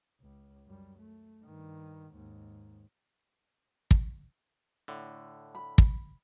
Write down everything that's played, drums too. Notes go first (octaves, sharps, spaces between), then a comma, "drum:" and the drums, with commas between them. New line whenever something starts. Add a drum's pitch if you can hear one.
C#2
F#2 G3
A3
G2 D#3
D#2 G#2
drum: kick
A2 D3
B5
drum: kick